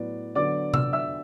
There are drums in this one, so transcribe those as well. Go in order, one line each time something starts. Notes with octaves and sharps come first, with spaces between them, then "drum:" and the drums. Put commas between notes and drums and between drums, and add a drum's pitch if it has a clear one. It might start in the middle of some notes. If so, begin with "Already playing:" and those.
Already playing: A2 F#3 B3 D5
D3 F#3 B3 D5 D6
E6, drum: tom C3
E5 E6